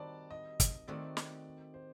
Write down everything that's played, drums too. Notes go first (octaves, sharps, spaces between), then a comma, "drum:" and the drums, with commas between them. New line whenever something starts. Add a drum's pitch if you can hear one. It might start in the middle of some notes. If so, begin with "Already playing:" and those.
Already playing: D#3 G3 C4 F#4 D5 A5
D#5
drum: kick, hi-hat
D#3 A3 C4 F#4 D5
drum: snare
C5